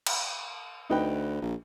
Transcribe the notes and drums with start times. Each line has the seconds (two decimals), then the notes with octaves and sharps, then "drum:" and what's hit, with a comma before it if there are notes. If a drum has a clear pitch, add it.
0.07 drum: cymbal
0.90 D2 D#4 B4 G5
1.42 A#1